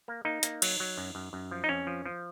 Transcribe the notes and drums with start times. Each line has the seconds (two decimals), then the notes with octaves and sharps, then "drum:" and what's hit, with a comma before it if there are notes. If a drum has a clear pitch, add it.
0.08 A#3
0.25 A#3 D#4
0.43 A#3, drum: hi-hat
0.62 F#3, drum: cymbal
0.80 F#3
0.97 F#2
1.15 F#2
1.33 F#2
1.51 F3
1.64 D#4
1.69 F2 C#4
1.87 F3
2.06 F3